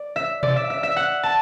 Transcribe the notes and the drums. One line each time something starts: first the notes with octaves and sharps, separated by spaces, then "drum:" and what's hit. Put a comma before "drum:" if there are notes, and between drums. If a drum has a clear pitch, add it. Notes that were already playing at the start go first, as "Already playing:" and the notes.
Already playing: D5
E5
D5, drum: tom B2
E5
E5
E5
F#5
A5